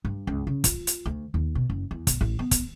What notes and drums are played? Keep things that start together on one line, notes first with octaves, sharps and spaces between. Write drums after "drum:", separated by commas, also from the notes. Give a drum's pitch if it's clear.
G2
C#2
C#3
F4, drum: kick, hi-hat
drum: hi-hat
D2
D#2
B2
F#1
E2
B2, drum: kick, hi-hat
A1
B3
drum: kick, hi-hat